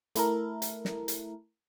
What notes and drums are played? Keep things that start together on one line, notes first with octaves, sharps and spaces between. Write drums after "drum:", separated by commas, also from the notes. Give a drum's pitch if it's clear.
A3 E4 A4 A#4, drum: hi-hat
drum: hi-hat
drum: snare
drum: hi-hat